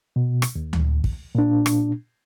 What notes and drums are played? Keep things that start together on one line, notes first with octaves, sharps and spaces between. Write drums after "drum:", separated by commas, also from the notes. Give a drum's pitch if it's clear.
B2
drum: rim click
D#2
drum: tom D2
drum: kick
A#2 D4
drum: rim click